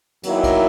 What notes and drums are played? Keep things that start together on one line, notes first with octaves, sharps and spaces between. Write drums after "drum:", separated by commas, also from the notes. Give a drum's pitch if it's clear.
E2 D#3 F#3 A#3 E4, drum: cymbal
drum: kick, cymbal